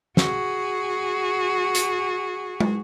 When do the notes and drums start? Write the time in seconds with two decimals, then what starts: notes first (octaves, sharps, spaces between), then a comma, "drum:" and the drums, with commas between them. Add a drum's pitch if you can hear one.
0.17 F#4 G#4, drum: snare
1.75 drum: hi-hat
2.60 drum: tom